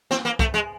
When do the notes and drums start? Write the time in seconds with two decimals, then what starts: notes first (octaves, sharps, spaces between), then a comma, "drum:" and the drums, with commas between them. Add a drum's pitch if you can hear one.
0.11 C4, drum: snare
0.25 A#3
0.39 A3, drum: kick
0.54 G#3